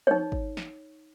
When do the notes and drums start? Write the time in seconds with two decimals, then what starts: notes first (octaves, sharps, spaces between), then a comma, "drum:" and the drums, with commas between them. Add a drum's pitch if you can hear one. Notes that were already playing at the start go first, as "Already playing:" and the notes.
0.07 D#4 C#5, drum: tom
0.32 drum: kick G#1
0.57 drum: snare